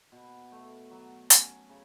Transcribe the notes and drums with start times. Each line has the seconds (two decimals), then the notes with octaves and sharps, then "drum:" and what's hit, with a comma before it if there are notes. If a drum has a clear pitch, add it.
0.12 B2
0.52 A3
0.91 F#3
1.30 C#4, drum: hi-hat
1.69 C#3